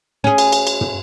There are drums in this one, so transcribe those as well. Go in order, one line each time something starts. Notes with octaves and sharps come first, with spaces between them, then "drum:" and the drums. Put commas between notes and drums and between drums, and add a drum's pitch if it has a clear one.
C#4 G#4
drum: cymbal
drum: cymbal
drum: cymbal
drum: tom